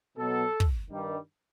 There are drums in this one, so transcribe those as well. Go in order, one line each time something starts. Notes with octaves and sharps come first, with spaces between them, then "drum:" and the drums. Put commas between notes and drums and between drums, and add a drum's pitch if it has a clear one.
B2 F#3 A4
drum: kick
G2 D#3 G3